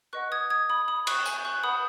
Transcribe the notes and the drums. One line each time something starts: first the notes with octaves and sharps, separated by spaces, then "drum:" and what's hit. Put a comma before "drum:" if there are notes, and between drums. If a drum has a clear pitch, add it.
B4 D#5 F#5 C#6 F#6
D#6 G#6
D#6 G#6
B5 D#6
B5 D#6
C#6 F#6, drum: cymbal
G#5 C#6, drum: tambourine
C#6 F#6
B4 F#5 B5 D#6